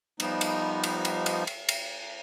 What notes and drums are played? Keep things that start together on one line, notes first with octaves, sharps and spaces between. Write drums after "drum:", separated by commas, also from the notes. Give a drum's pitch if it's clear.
F3 G3 B3 D#4, drum: cymbal
drum: cymbal
drum: cymbal
drum: cymbal
drum: cymbal
drum: cymbal
drum: cymbal